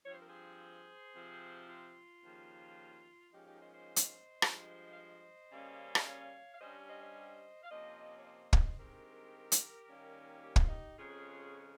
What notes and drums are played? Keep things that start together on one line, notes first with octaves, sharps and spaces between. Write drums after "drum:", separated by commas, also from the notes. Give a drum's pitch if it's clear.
G2 F3 C4 C#5
C5
A#4
G#4 C5
C3 F3 C4
F4
D#2 C#3 F3
G#2 F3 A#3 C#4 D#4 G4
D#4 G4
C5 D#5
C5 D#5
drum: hi-hat
G2 F3 G#3, drum: rim click
F5
C5 D#5
C#3 G3 A#3 C#4
D#5, drum: rim click
C#5 F5
F5
G2 G3 C#4 C5 D#5
C5 D#5
C5 D#5
F5
C3 F3 A#3 C#4 C5 D#5
C#5
C5 D#5
drum: kick
G2 D#3 G#3 C4 G4 A#4
drum: hi-hat
D#2 D#3 G3 A#3 C#4
G4
F4, drum: kick
D#4 G4
F2 C#3 G#3 C#4 F4 G#4